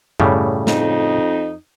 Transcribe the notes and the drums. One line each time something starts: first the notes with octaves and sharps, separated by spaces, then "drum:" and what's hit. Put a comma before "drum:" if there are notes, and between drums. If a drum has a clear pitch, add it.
A2 C#3 G3, drum: tom F#2
F2 D#4, drum: snare